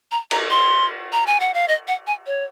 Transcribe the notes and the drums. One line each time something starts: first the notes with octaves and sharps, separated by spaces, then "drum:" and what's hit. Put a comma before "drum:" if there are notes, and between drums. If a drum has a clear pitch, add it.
A#5
A#5, drum: cymbal
C6
A#5
G#5
F#5
F5
D#5
F#5
G#5
C#5